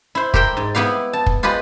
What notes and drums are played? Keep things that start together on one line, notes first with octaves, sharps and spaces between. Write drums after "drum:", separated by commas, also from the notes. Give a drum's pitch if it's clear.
E4 C5
G4 A#4 C5 G5, drum: kick
G#2
B3 E4 G4 F5
A5
drum: kick
F4 G4 G#4 B4 D#5